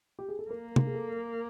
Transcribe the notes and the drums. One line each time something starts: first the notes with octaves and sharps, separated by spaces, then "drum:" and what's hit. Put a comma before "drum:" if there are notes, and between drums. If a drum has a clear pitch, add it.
G4
G#4
A4
A#3 A#4
drum: tom C3
G#4
A4